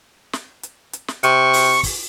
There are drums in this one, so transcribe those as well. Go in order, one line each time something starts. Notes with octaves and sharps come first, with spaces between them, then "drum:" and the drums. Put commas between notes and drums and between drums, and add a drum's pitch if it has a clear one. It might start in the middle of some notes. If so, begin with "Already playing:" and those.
drum: snare
drum: hi-hat
drum: hi-hat
drum: snare
C3 C#6, drum: hi-hat
drum: open hi-hat
drum: kick, open hi-hat